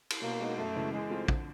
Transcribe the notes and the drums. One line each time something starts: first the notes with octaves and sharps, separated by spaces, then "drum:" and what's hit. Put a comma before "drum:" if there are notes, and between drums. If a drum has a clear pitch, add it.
drum: cymbal
B2 A#3
G#3 B3 D#4 F#4
F#2 A3
C#3 E3 G#3
E3 G#3
A3 C4 F4
D3, drum: kick